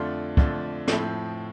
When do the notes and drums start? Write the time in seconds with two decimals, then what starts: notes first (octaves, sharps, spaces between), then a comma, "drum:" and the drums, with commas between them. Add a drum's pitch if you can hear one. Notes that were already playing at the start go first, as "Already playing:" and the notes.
Already playing: F2 D3 A3 D4 F4 C6
0.37 F2 D3 A3 D4 F4, drum: kick
0.88 A2 F3 C4 E4, drum: snare